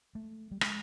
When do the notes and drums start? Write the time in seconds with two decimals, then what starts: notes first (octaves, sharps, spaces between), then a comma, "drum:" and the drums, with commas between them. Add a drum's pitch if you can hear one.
0.15 A3
0.51 G3
0.61 G#3, drum: rim click